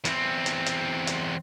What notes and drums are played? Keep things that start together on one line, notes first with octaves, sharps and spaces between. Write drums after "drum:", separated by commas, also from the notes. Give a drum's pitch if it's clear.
E2 C4, drum: hi-hat
drum: hi-hat
drum: hi-hat
drum: hi-hat